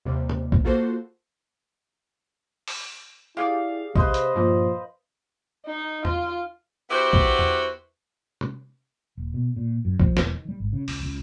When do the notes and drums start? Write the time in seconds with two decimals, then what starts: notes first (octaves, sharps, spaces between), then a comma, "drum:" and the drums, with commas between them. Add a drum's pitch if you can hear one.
0.05 D#2 C3 G3
0.29 drum: tom
0.52 drum: kick B1
0.64 A#3 F4 F#4 A4 C5
2.68 drum: open hi-hat
3.37 E4 G4 G#4 D5 F5
3.96 C3 B4 C5 D#5, drum: kick B1
4.14 drum: hi-hat
4.35 G2 A#2 F3
5.66 D#4
6.05 F4, drum: tom E2
6.90 B3 E4 F#4 G4 B4 C5
7.13 drum: kick B1
7.39 drum: tom E2
8.41 drum: tom
9.17 D#1
9.34 B2
9.56 A#2
9.85 F#2
10.00 F3, drum: kick B1
10.17 E1, drum: snare
10.33 D#3
10.49 G3
10.60 G#1
10.73 C#3
10.88 C#2, drum: open hi-hat
11.03 C#2